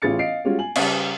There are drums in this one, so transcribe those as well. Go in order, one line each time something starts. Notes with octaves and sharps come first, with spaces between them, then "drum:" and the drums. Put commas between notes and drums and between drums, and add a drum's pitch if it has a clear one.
A1 F4 G#4 A6 C#7
D#5 F5 C7 D7
G3 G#3 C#4 F4 F#4
G#5 F#7
C#3 G3, drum: cymbal